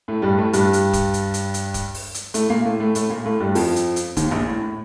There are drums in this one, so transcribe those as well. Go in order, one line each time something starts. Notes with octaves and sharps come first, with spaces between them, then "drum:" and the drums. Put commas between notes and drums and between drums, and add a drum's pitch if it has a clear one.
A2 A3
G2 G3
A2 A3
G2 G3, drum: hi-hat
drum: hi-hat
drum: kick, hi-hat
drum: hi-hat
drum: hi-hat
drum: hi-hat
drum: kick, hi-hat
drum: open hi-hat
drum: hi-hat
A2 A3, drum: hi-hat
A#2 A#3
A2 A3
A2 A3
A2 A3, drum: hi-hat
A#2 A#3
A2 A3
G2 G3
F2 F3, drum: open hi-hat
drum: hi-hat
drum: hi-hat
D#2 D#3, drum: kick, hi-hat
A#1 A#2
A2
A2